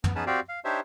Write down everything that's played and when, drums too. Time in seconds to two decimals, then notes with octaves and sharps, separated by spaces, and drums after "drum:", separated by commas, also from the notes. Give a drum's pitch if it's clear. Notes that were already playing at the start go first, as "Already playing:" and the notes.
0.04 B3, drum: tom
0.15 B3 C#4 D#4 G#4 B4 A5
0.26 C4 F#4 G4 D5 F5
0.49 F5
0.65 D4 D#4 G4 C5 C#5 E5